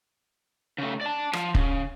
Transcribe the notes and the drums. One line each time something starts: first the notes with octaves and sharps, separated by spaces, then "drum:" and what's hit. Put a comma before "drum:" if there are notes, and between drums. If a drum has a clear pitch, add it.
C#3 A3
D5 A5
F3, drum: rim click
C#3, drum: kick